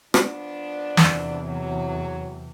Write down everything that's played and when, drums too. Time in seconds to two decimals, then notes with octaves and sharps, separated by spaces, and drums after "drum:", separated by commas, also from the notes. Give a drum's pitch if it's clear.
0.14 F3 B3 D4, drum: rim click
0.97 E2 C3, drum: snare
1.40 F#3